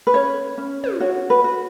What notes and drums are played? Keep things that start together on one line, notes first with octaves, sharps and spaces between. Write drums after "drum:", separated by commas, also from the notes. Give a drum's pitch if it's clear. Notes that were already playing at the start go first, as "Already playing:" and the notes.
B4
C#4 C#5
C#4
drum: tom
F#4 C#5
B4
F#4